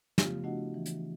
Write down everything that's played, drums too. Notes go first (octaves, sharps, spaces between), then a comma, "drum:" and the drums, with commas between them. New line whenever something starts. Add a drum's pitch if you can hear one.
C#3 F3 A3 B3 F4 G4, drum: snare
A3 D4 E4 F#4 D#5 F#5
E3
drum: hi-hat